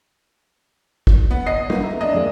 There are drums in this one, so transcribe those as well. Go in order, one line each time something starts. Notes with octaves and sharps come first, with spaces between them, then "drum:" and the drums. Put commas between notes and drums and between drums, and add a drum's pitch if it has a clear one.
drum: kick
B3
D#5 C7
A#3 B3, drum: tom G3
E5 A#5
D4 D#5
F2 G#3 A#3